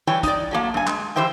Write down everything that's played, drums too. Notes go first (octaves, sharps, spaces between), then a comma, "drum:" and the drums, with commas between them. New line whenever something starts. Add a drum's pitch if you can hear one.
E3 G3 C#5 G5 G#5
D#4 D5, drum: kick, hi-hat
F#3 A3 A#3
G2 G#5
G#3, drum: clap
E3 G4 C5 E5 G5